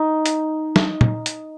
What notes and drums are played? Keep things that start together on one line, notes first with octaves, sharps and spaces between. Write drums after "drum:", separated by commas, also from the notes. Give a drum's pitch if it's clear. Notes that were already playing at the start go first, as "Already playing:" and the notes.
Already playing: D#4
drum: hi-hat
drum: snare
drum: tom
drum: hi-hat